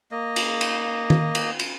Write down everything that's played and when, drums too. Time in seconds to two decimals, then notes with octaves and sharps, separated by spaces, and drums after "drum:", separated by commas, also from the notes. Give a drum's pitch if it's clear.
0.12 A#3 D#5
0.36 drum: cymbal
0.61 drum: cymbal
1.10 drum: tom D#3
1.35 drum: cymbal
1.59 drum: cymbal